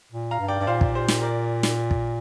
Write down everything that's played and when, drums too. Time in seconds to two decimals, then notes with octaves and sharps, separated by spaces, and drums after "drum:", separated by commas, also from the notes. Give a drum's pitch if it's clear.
0.12 A#2
0.31 F5 A#5
0.39 G2
0.48 D5 G5
0.59 G2 D5
0.67 A#2 C5 F5
0.81 drum: kick
0.95 G4 C5
1.08 drum: snare
1.22 A#4 D5
1.63 drum: snare
1.91 drum: kick